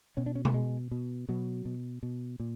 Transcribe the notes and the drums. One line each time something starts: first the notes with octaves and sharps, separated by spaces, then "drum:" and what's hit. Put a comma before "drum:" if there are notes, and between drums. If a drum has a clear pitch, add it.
B2 C#4
D4
C#4
A3, drum: tom B2
B2 G#3
B2
B2 F#3
B2
B2
A#2